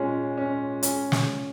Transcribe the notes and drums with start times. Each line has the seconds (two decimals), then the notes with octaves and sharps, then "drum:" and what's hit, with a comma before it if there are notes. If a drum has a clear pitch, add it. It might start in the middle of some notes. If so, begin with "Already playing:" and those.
Already playing: A#2 G#3 C#4
0.37 C#4
0.83 C#4, drum: hi-hat
1.12 drum: snare